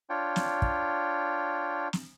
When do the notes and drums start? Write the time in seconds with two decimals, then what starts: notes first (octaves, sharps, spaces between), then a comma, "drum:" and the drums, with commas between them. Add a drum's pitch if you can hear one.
0.10 D4 F4 C#5 G5
0.36 drum: snare
0.62 drum: kick
1.93 drum: snare